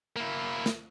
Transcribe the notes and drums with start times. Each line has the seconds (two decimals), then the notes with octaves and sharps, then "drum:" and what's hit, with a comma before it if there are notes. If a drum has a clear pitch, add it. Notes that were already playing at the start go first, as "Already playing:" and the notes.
0.16 A#3 E4
0.66 drum: snare